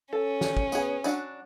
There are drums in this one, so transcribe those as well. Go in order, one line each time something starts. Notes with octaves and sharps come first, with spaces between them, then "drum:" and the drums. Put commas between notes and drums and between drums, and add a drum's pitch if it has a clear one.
C#4 A4
drum: snare
drum: kick
B3 G#4, drum: tambourine
F#3 D4 F#4, drum: tambourine